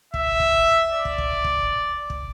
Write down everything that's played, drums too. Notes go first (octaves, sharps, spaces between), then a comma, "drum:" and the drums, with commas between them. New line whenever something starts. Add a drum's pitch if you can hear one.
E5, drum: kick
drum: kick
D5
drum: kick
drum: kick
drum: kick
drum: kick